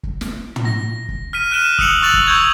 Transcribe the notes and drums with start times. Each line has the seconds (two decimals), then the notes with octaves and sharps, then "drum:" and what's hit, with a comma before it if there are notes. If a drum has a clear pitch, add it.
0.03 drum: kick
0.21 drum: snare
0.56 drum: tom
0.65 A#6
1.08 drum: kick
1.33 F6 B6 D#7
1.51 F6 F#6 B6 D7 E7 G7
1.79 D#6 E6 F#6 C#7 F7 F#7, drum: kick
2.02 C#6 E6 F#6 A6 F7 F#7
2.14 drum: kick
2.26 C#6 E6 G6 G#6 F7